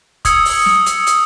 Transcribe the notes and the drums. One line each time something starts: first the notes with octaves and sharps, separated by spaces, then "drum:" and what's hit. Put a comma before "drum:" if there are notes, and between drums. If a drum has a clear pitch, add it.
D#6 E6 G#6 C#7, drum: kick F1, hi-hat
drum: open hi-hat
drum: snare
drum: hi-hat
drum: hi-hat